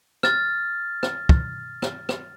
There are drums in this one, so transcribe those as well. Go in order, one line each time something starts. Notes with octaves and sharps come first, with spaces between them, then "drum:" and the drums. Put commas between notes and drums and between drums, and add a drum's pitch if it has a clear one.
F6 A6, drum: rim click
drum: rim click
drum: kick
drum: rim click
drum: rim click